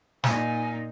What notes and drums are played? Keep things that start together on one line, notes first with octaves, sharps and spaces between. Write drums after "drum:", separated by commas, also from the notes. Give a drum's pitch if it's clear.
A#2 D#4 G#5, drum: snare